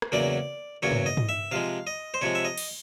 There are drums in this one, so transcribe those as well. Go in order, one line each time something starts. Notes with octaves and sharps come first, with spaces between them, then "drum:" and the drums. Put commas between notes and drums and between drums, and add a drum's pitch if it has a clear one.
drum: rim click
E2 C#3 F#3 A#3 D5
E2 C#3 F#3 A#3 C#5
drum: tom
D#5
drum: tom
E5
C3 F3 G#3 F5
D#5
C5
C3 F3 G#3 C#5
E5
D#5
drum: cymbal